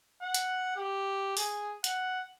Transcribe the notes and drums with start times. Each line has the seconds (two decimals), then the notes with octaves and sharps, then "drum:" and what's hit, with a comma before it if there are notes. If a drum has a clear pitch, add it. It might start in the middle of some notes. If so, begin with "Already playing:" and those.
0.22 F#5
0.34 drum: hi-hat
0.76 G4
1.37 G#4, drum: open hi-hat
1.84 F#5, drum: hi-hat